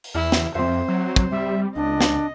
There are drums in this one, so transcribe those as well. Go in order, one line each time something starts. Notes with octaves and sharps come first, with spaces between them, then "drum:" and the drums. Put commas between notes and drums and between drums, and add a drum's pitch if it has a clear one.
drum: open hi-hat
E2 E4 F6
drum: snare
F2 C4 C5 E5
F#3 E6
drum: kick, hi-hat
G3 E5
C#2 D4 D#5
drum: snare